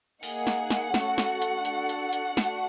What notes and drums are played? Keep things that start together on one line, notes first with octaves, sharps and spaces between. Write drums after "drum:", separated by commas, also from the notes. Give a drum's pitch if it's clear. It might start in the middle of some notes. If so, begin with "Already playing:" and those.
A#3 D#4 G#4 F#5, drum: open hi-hat
drum: snare
drum: snare
A3 C#4 F#4 A4, drum: snare
drum: snare
drum: hi-hat
D4 F#4 A4, drum: hi-hat
drum: hi-hat
drum: hi-hat
A3 D4 F#4, drum: snare